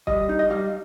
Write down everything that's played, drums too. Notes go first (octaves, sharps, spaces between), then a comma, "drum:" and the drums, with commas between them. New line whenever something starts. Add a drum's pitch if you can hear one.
G3 D#5, drum: kick
D#4
D#5
G3 F5